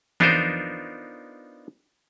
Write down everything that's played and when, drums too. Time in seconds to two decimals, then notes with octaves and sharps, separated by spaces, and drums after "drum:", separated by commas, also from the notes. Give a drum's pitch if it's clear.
0.20 B3 D4 D#4 F4 A#4 C5, drum: tom E3